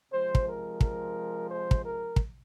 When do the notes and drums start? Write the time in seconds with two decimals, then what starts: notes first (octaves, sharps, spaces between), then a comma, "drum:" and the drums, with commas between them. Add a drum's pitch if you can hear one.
0.12 C3 F3 G#3 C5
0.35 drum: kick
0.47 A#4
0.81 A#4, drum: kick
1.48 C5
1.71 drum: kick
1.82 A#4
2.16 drum: kick